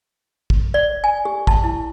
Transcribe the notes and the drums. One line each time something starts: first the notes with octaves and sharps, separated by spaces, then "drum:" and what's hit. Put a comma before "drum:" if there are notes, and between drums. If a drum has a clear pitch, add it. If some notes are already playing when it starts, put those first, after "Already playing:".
drum: kick
D5
G#5
G4
A5, drum: kick
E4